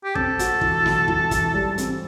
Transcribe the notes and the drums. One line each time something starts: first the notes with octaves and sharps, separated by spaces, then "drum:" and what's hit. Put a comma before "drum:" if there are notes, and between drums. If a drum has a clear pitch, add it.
G4
C4 A4, drum: kick
F#4, drum: hi-hat
E3, drum: kick
E3, drum: snare
E3, drum: kick
E3, drum: kick, hi-hat
G3
C4, drum: hi-hat